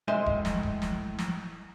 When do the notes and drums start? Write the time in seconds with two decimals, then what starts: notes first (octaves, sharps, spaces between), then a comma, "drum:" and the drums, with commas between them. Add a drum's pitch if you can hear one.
0.08 A2 G#3 C5 E5 G#5 C6
0.26 drum: kick E1
0.45 drum: snare
0.63 drum: kick E1
0.82 drum: snare
1.19 drum: snare